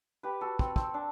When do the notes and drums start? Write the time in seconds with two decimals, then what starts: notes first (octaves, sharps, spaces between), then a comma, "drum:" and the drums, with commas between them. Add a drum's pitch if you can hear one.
0.23 G4 B4
0.41 F#4 A4
0.59 C4, drum: kick
0.76 C4, drum: kick
0.94 D4